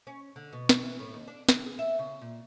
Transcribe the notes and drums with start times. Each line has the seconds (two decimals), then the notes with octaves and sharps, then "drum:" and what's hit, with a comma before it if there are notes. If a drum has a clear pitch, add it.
0.07 C#4
0.36 D3
0.53 B2
0.69 drum: snare
0.83 E3
0.99 A2
1.14 D#2
1.28 D4
1.49 D3, drum: snare
1.66 G#4
1.79 E5
1.99 C#3
2.21 A#2